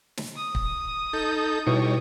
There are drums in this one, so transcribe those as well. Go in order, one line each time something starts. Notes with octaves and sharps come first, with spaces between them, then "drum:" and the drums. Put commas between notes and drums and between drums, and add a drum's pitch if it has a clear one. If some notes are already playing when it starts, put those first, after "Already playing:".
drum: snare
D#6
drum: kick
D#4 A4 G6
B2 G3 D#4 E4 B4 C#5